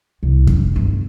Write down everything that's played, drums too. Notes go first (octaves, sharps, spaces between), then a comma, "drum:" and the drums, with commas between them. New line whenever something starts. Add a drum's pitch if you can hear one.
C2
D3, drum: kick F2
G1